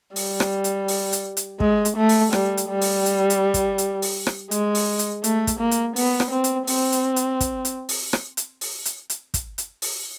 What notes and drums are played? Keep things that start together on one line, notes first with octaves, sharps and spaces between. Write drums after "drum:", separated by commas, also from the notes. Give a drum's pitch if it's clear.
G3, drum: open hi-hat
drum: rim click
drum: hi-hat
drum: open hi-hat
drum: hi-hat
drum: hi-hat
G#3, drum: kick
drum: hi-hat
A3
drum: open hi-hat
G3, drum: rim click
drum: hi-hat
G3
drum: open hi-hat
drum: hi-hat
drum: hi-hat
drum: kick, hi-hat
drum: hi-hat
drum: open hi-hat
drum: rim click
G#3, drum: hi-hat
drum: open hi-hat
drum: hi-hat
A3, drum: hi-hat
drum: kick, hi-hat
A#3
drum: hi-hat
B3, drum: open hi-hat
drum: rim click
C4
drum: hi-hat
C4, drum: open hi-hat
drum: hi-hat
drum: hi-hat
drum: kick, hi-hat
drum: hi-hat
drum: open hi-hat
drum: rim click
drum: hi-hat
drum: open hi-hat
drum: hi-hat
drum: hi-hat
drum: kick, hi-hat
drum: hi-hat
drum: open hi-hat